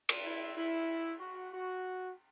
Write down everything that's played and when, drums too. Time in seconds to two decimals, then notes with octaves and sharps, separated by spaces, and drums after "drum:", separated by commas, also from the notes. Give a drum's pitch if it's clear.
0.09 drum: cymbal
0.24 E4
0.56 E4
1.20 F#4
1.53 F#4